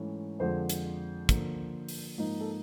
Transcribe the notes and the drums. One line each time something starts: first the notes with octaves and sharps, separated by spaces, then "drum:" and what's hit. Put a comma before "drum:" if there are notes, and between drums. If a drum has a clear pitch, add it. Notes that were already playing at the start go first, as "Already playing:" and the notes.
Already playing: G#2 E3 A3 C#4
F2 D3 F3 G#3 C5
drum: hi-hat
D3 F3 A#3, drum: kick, hi-hat
drum: open hi-hat
G#2 F3 A#3 D#4
A4